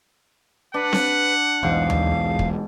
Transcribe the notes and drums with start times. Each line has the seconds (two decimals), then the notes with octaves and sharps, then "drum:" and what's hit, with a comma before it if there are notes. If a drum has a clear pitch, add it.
0.74 D4 B4 F#5
0.93 drum: snare C4
1.63 B1 E2 G#2 B2 E3 F5
1.90 drum: tom D#2
2.39 drum: kick